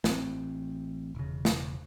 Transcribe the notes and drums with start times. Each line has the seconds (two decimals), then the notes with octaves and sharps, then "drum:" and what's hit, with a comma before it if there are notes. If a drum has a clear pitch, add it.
0.04 A1 C4, drum: snare
1.15 E1 C#3
1.45 drum: snare